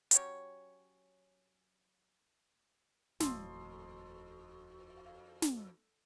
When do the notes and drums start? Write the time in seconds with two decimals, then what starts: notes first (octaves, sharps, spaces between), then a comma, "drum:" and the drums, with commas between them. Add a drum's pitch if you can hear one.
0.11 F#3 C#4 G4 C#5, drum: hi-hat
3.20 D#1 F2 A2 F#4 C6, drum: snare
5.42 drum: snare